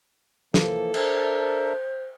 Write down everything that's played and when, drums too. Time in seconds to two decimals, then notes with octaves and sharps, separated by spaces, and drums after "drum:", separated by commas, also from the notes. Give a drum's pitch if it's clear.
0.54 E3 F3 A#3 A4, drum: snare
0.94 D4 A#4 C5 E5, drum: cymbal